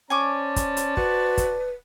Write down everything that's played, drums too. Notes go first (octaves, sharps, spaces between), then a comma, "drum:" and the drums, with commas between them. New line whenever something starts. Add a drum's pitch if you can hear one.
C#4 C5 D5 G#5 A5 C#6 D6
drum: kick, hi-hat
drum: hi-hat
F#4 B4, drum: kick
drum: kick, hi-hat